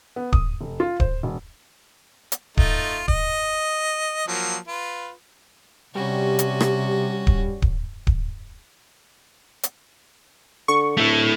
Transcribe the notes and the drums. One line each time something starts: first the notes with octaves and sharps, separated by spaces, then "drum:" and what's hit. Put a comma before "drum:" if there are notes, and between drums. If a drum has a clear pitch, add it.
B3
D#6, drum: kick D1
F1
F4
C5, drum: kick D1
E1
drum: hi-hat
A3 D#4 F4, drum: kick D1
D#5, drum: kick D1
F3 F#3 A#3
F4 B4
C3 G3 C#4 F#4 G4
drum: hi-hat
drum: rim click
drum: kick D1
drum: kick D1
drum: kick D1
drum: hi-hat
D3 C#6
D1 A3 E4